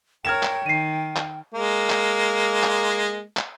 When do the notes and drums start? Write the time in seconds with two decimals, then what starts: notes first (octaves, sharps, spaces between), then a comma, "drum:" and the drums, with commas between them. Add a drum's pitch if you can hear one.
0.25 A#4 C#5 G5 F6 G#6 E7
0.43 drum: clap
0.66 D#3 C7 D#7
1.16 drum: clap
1.54 G#3 A#3
1.90 drum: clap
2.63 drum: clap
3.37 drum: clap